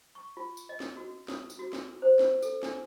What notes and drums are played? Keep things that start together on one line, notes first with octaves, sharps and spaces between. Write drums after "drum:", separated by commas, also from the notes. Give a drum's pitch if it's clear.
C#6
F4
drum: tambourine
D#5
drum: snare
F#4
D#6, drum: snare
drum: tambourine
F#4
drum: snare
C5
drum: snare
A4, drum: tambourine
D4, drum: snare